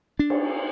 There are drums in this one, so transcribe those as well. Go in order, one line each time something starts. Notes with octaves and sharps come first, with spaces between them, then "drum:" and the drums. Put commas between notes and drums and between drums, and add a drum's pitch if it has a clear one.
D4
drum: cymbal